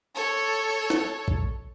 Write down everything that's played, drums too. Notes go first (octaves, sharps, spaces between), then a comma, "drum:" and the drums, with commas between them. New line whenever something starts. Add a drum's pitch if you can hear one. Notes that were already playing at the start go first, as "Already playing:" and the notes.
A4 C#5
drum: snare
drum: kick A#1